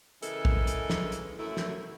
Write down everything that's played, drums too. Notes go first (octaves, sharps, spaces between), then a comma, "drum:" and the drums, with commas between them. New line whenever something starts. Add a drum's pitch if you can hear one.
C#3 E3 G#3 A4 A#4, drum: hi-hat
drum: kick
drum: hi-hat
drum: snare
drum: hi-hat
F#2 A3 E4
drum: snare